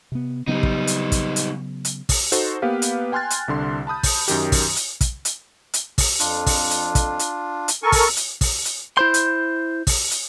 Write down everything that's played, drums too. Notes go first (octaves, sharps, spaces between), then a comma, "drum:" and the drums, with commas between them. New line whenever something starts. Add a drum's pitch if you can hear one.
C3 B3
C#3 F#3 G3 B3 D#4
drum: kick
drum: hi-hat
drum: kick, hi-hat
drum: hi-hat
drum: hi-hat
drum: kick, open hi-hat
D#4 F#4 A4 C5, drum: hi-hat
A#3 B3 G4 B4 F5
drum: hi-hat
G5 G#5 C6 F6 F#6 A6
drum: hi-hat
C2 D3 C6
A5 B5 D#6 G6
drum: kick, open hi-hat
F#2 D#3 G4, drum: hi-hat
drum: kick, open hi-hat
drum: hi-hat
drum: kick, hi-hat
drum: hi-hat
drum: hi-hat
drum: kick, open hi-hat
F2 D4 F4, drum: hi-hat
drum: kick, open hi-hat
drum: hi-hat
drum: kick, hi-hat
drum: hi-hat
drum: hi-hat
A4 A#4 G#5 C#6
drum: kick, open hi-hat
drum: hi-hat
drum: kick, open hi-hat
drum: hi-hat
E4 C5 C6 G6
drum: hi-hat
drum: kick, open hi-hat
drum: hi-hat